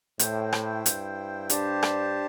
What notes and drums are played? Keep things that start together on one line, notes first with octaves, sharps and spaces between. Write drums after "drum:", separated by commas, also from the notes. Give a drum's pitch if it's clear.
A2 E4 C5 G5, drum: hi-hat
drum: rim click
G2, drum: hi-hat
D4 G4 C5 A5, drum: hi-hat
drum: rim click